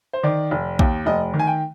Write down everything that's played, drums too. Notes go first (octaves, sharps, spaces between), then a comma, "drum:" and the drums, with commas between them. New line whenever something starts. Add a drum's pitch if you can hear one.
C5
D#3 D5
F1
D#2, drum: kick A#1
F1 D#5
D#3
G#5
G5